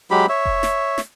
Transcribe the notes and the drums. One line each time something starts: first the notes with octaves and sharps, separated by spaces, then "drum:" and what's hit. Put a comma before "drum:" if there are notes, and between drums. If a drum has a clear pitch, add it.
F#3 G#3 G4 B5
C#5 E5
drum: kick F1
drum: snare
drum: snare